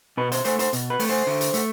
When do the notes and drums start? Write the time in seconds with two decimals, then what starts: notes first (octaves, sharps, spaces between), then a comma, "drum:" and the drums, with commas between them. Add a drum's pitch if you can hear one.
0.17 B2 B4
0.32 C5, drum: hi-hat
0.45 A3 C5, drum: hi-hat
0.59 C5, drum: hi-hat
0.73 B2, drum: hi-hat
0.90 B4
0.99 A3, drum: open hi-hat
1.09 C5
1.27 D3
1.41 drum: hi-hat
1.54 A3, drum: hi-hat